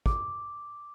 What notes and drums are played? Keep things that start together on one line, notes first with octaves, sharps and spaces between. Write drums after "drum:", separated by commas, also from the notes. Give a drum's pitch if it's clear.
D6, drum: kick